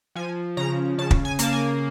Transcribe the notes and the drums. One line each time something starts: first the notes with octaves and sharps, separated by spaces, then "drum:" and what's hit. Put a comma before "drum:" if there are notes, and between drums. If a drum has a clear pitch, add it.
F3 G#5
C#3 A#5
C#3 A5
drum: kick
G#5
A#3 A5, drum: hi-hat
G#5